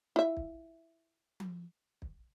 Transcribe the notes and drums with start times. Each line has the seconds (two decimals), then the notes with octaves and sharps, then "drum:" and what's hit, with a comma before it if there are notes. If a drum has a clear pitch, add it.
0.16 E4 E5
0.37 drum: kick
1.40 drum: tom F3
2.02 drum: kick